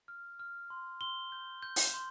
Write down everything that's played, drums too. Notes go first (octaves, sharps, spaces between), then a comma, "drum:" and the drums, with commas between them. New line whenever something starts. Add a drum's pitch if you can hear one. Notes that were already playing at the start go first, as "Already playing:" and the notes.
F6
F6
C6
C6 G7
G6
G6
drum: open hi-hat
C6